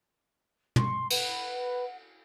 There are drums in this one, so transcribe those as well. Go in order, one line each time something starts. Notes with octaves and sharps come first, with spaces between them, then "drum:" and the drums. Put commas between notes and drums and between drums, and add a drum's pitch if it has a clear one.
C6 C#6, drum: tom
B4 F#5, drum: cymbal